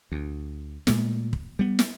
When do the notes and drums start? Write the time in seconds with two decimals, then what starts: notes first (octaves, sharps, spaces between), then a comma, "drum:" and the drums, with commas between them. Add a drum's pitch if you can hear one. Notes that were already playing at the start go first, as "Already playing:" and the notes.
0.12 D2
0.87 A#2 G#3 A3, drum: snare
1.33 drum: kick
1.59 G3 B3
1.79 drum: snare